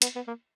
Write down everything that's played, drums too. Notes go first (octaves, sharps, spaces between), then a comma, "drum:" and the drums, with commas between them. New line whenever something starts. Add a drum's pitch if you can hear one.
B3, drum: hi-hat
B3
A#3